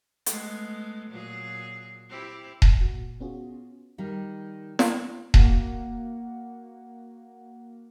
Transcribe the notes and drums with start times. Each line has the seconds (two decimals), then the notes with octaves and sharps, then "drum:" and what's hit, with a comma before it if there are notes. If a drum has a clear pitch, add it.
0.26 G#3 A3 B3, drum: hi-hat
1.10 A#2 F#3 G#4
2.09 C4 E4 G4
2.62 drum: kick D#1
2.81 A#2 F#4
3.20 B3 C#4 F4 F#4 G#4
3.98 D#3 G3
4.79 drum: snare
5.34 A#3 F#4 F#5, drum: kick D#1